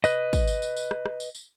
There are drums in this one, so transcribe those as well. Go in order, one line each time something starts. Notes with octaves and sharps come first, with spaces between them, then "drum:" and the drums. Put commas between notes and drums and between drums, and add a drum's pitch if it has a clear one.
B4 D#5, drum: tambourine
drum: kick, tambourine
drum: tambourine
drum: tambourine
drum: tambourine
drum: rim click
drum: rim click
drum: tambourine
drum: tambourine